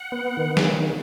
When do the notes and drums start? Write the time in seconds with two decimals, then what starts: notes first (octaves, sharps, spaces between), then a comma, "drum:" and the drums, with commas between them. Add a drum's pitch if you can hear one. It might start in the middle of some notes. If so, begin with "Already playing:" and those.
Already playing: F#5
0.12 B3
0.37 D#3
0.57 drum: snare